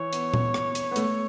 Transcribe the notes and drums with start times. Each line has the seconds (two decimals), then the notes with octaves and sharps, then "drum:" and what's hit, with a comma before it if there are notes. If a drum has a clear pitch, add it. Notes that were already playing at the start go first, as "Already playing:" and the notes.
Already playing: E3 C#5
0.13 B3, drum: hi-hat
0.34 drum: tom A#2
0.54 drum: rim click
0.75 drum: hi-hat
0.91 B3
0.96 A3, drum: hi-hat